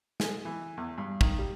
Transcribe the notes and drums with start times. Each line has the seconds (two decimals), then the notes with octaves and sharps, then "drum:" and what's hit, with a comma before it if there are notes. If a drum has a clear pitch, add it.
0.20 G#3, drum: snare
0.45 E3
0.77 E2
0.98 G2
1.21 D#3, drum: kick
1.39 G3